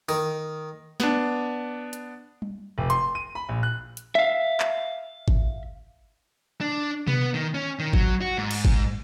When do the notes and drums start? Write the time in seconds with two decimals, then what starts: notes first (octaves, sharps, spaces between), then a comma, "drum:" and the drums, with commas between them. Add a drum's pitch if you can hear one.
0.09 D#3, drum: open hi-hat
1.00 B3 D4, drum: snare
1.93 drum: hi-hat
2.42 drum: tom G3
2.78 F1
2.90 C6, drum: hi-hat
3.15 D#7
3.35 B5
3.49 A#1
3.63 F#6
3.97 drum: hi-hat
4.15 E5 F5
4.60 drum: clap
5.28 drum: kick G1
6.61 D4
7.08 B3, drum: tom B2
7.34 D#3
7.54 C#4
7.79 D#3
7.93 F#3, drum: kick G1
8.21 F#4
8.37 G#2
8.51 drum: cymbal
8.65 drum: kick G1